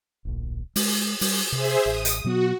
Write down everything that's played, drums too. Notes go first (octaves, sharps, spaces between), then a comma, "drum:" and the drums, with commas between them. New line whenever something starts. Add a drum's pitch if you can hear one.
D1 A#1
G#3, drum: open hi-hat
G3, drum: open hi-hat
C3 G#4 C5 E5
A1 D#6
drum: hi-hat
B2 F#3 B3 F#4